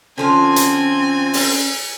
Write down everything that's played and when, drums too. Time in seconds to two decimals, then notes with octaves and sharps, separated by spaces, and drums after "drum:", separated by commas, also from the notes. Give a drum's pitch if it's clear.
0.18 D3 F3 C4 C#4 F4 G#5
0.56 drum: hi-hat
1.33 drum: open hi-hat